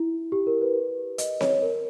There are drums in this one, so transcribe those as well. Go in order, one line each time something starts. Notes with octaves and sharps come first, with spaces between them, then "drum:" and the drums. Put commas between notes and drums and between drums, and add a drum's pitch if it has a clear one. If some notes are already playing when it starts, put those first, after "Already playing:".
Already playing: E4
G4
A#4
B4
D#5, drum: hi-hat
C#5, drum: snare C4
A#4